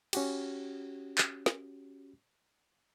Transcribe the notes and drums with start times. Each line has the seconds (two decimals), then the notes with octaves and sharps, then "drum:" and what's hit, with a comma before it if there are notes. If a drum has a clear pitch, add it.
0.13 C#4 F#4 G4, drum: cymbal
1.18 drum: clap
1.46 drum: snare